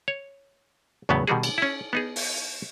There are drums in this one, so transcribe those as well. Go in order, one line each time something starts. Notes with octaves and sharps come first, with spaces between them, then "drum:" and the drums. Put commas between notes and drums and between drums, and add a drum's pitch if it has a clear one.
C#5
E2 A2 C#3 F#3 B3
B2 D#3 G3 F#4 G#4
drum: cymbal
C#4 E4
B3 D#4 G#4
drum: open hi-hat